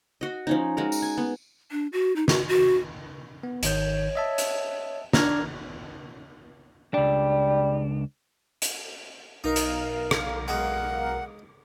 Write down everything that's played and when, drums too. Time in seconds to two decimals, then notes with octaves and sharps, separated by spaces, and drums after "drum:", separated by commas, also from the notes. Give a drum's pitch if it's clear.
0.21 F#4 D#5
0.47 F3 C#4 D#4
0.77 G#3 F#4 A#4
0.92 drum: tambourine
1.02 G#5
1.18 B3
1.71 D4
1.93 F#4
2.16 D#4
2.28 F#4, drum: snare
2.48 F#4
3.43 B3
3.63 G#1 D#3 C#5 G6, drum: hi-hat
4.15 D#5 E5 A5
4.38 drum: hi-hat
5.13 D4 A#5 F6 G#6, drum: snare
6.94 C#2 G3 D4
8.62 drum: hi-hat
9.44 B1 D#4 A#4 F5
9.56 drum: hi-hat
10.11 drum: rim click
10.48 G#3 F#5